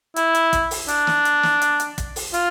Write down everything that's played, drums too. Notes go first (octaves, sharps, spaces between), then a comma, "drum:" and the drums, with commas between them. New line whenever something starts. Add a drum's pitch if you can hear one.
E4, drum: hi-hat
drum: hi-hat
drum: kick, hi-hat
drum: open hi-hat
D4, drum: hi-hat
drum: snare
drum: hi-hat
drum: snare
drum: hi-hat
drum: hi-hat
drum: kick, hi-hat
drum: open hi-hat
F4, drum: hi-hat